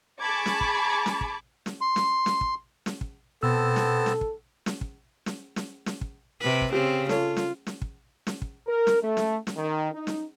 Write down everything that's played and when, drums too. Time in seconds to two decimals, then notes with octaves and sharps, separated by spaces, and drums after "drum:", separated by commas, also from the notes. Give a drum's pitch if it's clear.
0.20 G#4 A5 B5 C#6 D6 G#6
0.46 drum: snare
0.61 drum: kick
1.06 drum: snare
1.21 drum: kick
1.66 drum: snare
1.81 C6
1.96 drum: snare
2.26 drum: snare
2.41 drum: kick
2.86 drum: snare
3.01 drum: kick
3.43 B2 B3 C4 A4 A5 E6
3.76 drum: snare
4.06 drum: snare
4.21 drum: kick
4.66 drum: snare
4.81 drum: kick
5.26 drum: snare
5.56 drum: snare
5.86 drum: snare
6.01 drum: kick
6.41 C3 B4
6.61 drum: kick
6.72 C#3 C4 G4
7.09 F4 A4 C#5, drum: snare
7.36 drum: snare
7.67 drum: snare
7.82 drum: kick
8.27 drum: snare
8.42 drum: kick
8.67 A#4
8.87 drum: snare
9.02 A3
9.17 drum: snare
9.47 drum: snare
9.56 D#3
9.92 D#4
10.07 drum: snare